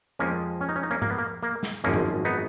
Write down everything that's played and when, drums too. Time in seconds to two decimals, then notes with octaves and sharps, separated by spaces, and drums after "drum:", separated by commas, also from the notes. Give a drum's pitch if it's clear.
0.19 F2 F3 G#3 A#3 C#4
0.61 C#4
0.69 D#4
0.76 C#4
0.83 D#4
0.90 A#3 C#4
1.02 A#3, drum: tom G#2
1.10 B3
1.18 A#3
1.43 A#3
1.63 drum: snare
1.84 G#1 F#2 F3 G#3 A#3 C#4
1.94 drum: tom G#2
2.25 B3 D#4